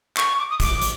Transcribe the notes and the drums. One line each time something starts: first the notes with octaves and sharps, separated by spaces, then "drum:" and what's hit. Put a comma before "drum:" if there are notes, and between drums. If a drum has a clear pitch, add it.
C#6, drum: clap
C#6
D6
D#6
D6, drum: kick, hi-hat
drum: hi-hat